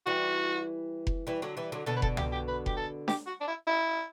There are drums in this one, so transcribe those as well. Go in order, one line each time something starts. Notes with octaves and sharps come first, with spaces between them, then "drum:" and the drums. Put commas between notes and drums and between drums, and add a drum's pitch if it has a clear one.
E3 G3 F#4
drum: kick F1
E3 G3
D3 F#3
E3 G3
D3 F#3
B2 D3 A4
B4
A4, drum: kick F1
G4, drum: tom
G4
B4
G4, drum: kick F1
A4
G4, drum: snare D4
F#4
D4
E4
E4